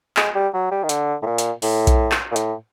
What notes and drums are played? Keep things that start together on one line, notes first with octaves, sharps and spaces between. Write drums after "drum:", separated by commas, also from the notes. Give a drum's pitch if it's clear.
G#3, drum: clap
G3
F#3
G3
D#3
D3, drum: hi-hat
A2
A#2
drum: hi-hat
A2, drum: open hi-hat
drum: kick B1, hi-hat
drum: clap
A#2
A2, drum: hi-hat